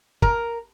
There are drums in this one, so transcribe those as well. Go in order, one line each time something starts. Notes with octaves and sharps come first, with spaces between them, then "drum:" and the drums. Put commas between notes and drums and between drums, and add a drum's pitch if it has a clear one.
A#4, drum: kick